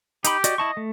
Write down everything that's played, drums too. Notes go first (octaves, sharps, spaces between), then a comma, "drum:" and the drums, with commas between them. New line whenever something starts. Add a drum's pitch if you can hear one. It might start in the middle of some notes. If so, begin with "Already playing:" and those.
D#4 G4 B5, drum: hi-hat
F#4 D5 D#5, drum: hi-hat
E4 D#5 A5 C#6
A3